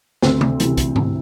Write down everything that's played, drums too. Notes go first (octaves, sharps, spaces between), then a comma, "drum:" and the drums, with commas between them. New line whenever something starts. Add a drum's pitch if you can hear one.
D2 C4, drum: snare
drum: tom C3
C3 E3, drum: hi-hat
drum: kick, hi-hat
D2, drum: tom G#2